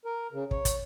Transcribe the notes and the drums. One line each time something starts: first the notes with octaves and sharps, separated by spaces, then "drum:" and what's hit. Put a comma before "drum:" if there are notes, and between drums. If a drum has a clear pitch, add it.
A#4
C#3
C#5, drum: kick
drum: kick, hi-hat